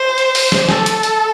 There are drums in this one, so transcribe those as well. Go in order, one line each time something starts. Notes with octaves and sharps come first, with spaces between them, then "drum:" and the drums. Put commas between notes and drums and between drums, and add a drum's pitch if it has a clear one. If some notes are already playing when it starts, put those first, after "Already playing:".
Already playing: C5
drum: hi-hat
drum: open hi-hat
drum: snare
A4, drum: snare
drum: hi-hat
drum: hi-hat